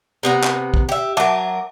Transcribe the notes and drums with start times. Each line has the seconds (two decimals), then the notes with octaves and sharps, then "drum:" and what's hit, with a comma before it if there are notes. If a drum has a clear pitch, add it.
0.23 C3 B3 A#5
0.44 drum: clap
0.74 drum: kick
0.89 G4 E5
1.17 F#3 A#4 E5 A5 D6